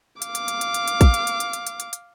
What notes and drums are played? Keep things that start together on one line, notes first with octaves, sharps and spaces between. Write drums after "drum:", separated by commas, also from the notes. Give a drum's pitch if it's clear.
F5 D6, drum: hi-hat
drum: hi-hat
drum: hi-hat
drum: hi-hat
drum: hi-hat
drum: hi-hat
drum: kick, hi-hat
drum: hi-hat
drum: hi-hat
drum: hi-hat
drum: hi-hat
drum: hi-hat
drum: hi-hat
drum: hi-hat